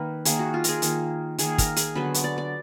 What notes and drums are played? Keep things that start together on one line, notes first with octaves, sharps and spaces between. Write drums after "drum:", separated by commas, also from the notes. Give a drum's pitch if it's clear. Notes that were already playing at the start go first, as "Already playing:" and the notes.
Already playing: D#3 A#3 B4
D#3 A#3 G#4, drum: hi-hat
F#4
F4
G#4 A#4, drum: hi-hat
D#3 A#3, drum: hi-hat
D#3 A#3 G#4, drum: hi-hat
A#4, drum: kick, hi-hat
G#4, drum: hi-hat
D3 F#3 B3 B4
drum: hi-hat
D5
D5